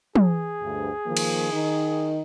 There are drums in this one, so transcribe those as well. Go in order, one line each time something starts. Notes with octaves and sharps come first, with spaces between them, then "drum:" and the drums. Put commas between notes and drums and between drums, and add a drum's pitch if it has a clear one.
G#4, drum: tom
D2 G2
D#3 F3 A#3
drum: cymbal
D#3 D#4